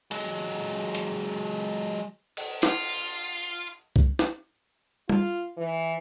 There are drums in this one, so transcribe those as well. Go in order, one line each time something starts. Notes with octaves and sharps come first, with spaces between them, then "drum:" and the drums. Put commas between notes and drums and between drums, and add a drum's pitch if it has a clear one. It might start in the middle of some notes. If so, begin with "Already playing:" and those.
F#3 G#3, drum: hi-hat
drum: tambourine
drum: hi-hat
drum: cymbal
F4, drum: snare
drum: tambourine
drum: kick C2
drum: snare
F4, drum: tom G3
E3